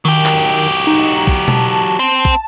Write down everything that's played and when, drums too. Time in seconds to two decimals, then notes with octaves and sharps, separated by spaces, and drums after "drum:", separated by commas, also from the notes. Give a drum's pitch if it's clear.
0.05 D#3 F#3 G4
0.26 drum: clap
0.87 D#4
1.27 drum: kick
1.48 A5, drum: tom B2
1.99 C4
2.25 drum: kick